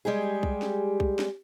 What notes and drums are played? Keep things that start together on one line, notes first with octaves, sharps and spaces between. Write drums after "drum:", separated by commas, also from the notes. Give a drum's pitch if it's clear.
G3 G#3 G4 G#4
drum: kick B1
drum: snare
drum: kick B1
drum: snare